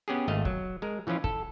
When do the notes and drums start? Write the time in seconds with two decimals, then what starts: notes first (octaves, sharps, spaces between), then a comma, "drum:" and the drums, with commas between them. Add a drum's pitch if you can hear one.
0.08 B3 C#4 G4 G#4
0.28 G#1 A3 D#5 F5
0.45 F#3, drum: kick
0.82 G#3 A#4
1.07 E3 F3 C#4 E4 F4
1.24 A4, drum: kick